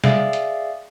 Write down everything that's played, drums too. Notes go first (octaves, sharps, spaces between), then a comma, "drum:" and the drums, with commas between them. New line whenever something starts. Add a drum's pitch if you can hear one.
G#4 D5 E5 F5, drum: snare
drum: hi-hat